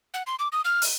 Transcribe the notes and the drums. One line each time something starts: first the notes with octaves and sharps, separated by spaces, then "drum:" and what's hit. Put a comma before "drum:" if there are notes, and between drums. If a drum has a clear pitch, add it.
F#5
C6
D6
D#6
F6
drum: open hi-hat